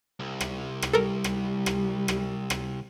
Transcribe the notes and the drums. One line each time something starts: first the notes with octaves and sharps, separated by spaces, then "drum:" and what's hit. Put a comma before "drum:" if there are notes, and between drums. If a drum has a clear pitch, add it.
C2
drum: rim click
drum: rim click
G3 A4 A#4
drum: rim click
drum: rim click
drum: rim click
drum: rim click